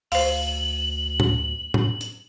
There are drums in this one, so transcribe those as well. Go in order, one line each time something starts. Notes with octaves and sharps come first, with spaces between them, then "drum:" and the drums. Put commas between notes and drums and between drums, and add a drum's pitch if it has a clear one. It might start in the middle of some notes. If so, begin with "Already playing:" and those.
D2 C5 F5 F#7, drum: open hi-hat
drum: tom A2
drum: tom A2
drum: hi-hat